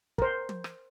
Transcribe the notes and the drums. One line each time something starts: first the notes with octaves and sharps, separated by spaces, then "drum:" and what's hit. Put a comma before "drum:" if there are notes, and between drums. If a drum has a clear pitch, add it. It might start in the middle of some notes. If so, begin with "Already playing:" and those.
A#4 C5, drum: kick
drum: tom
drum: rim click